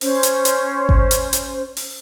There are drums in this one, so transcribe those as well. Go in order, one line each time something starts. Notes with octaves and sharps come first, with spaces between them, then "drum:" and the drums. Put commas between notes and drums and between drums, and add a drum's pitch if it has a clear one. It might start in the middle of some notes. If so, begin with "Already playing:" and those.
C#4 C5, drum: open hi-hat
drum: hi-hat
drum: hi-hat
drum: kick G#1
drum: hi-hat
drum: hi-hat
drum: open hi-hat